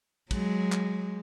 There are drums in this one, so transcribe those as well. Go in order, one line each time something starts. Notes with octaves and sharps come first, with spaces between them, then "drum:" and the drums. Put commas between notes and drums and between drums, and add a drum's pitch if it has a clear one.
F#3 G#3, drum: kick, cymbal
drum: clap